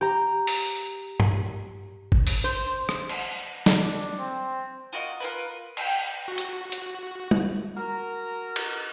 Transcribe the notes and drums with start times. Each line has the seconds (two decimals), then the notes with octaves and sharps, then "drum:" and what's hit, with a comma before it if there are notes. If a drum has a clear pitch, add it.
0.01 G4 A#5
0.47 drum: open hi-hat
1.20 drum: tom G2
2.12 drum: kick G1
2.27 drum: open hi-hat
2.44 C5
2.89 drum: rim click
3.09 drum: cymbal
3.66 drum: snare
3.80 D4
4.19 C4
4.93 F4 F#4 A#4 D#5
5.20 F4 A#4 B4
5.77 G5, drum: cymbal
6.28 F#4
6.38 drum: hi-hat
6.72 drum: hi-hat
7.31 drum: tom G3
7.76 F#4 A#4
8.56 drum: cymbal